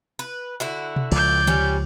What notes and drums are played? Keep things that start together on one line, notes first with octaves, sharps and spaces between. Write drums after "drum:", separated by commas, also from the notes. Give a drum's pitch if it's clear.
B4
D3 E4 F#4
drum: tom B2
C#2 F3 D5 G6, drum: cymbal
G3 C#4, drum: tom D3